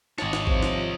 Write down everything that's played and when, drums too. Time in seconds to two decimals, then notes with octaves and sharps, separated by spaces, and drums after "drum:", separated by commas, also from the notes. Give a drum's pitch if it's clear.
0.18 G#1 C#5 D#5 A5, drum: snare
0.33 drum: snare
0.47 C3 F3, drum: kick A1
0.63 drum: snare